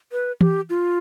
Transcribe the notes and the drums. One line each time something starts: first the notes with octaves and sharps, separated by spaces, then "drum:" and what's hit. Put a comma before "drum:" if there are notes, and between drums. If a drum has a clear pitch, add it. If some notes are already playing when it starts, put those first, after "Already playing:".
B4
G4, drum: tom E3
F4